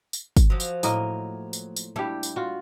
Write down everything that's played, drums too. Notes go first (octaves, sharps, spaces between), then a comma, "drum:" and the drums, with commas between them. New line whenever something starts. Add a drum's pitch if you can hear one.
drum: tambourine
drum: kick, tambourine
F3 F#3
drum: tambourine
A2 A#3 D#5, drum: tambourine
drum: tambourine
drum: tambourine
G3 D4 E4 G4
drum: tambourine
F4 F#4